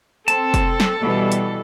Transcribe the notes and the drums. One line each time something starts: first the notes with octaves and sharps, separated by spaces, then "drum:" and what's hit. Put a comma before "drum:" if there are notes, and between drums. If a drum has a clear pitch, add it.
C4 A4 A5, drum: hi-hat
drum: kick, hi-hat
drum: snare
B2 E3 G3
drum: hi-hat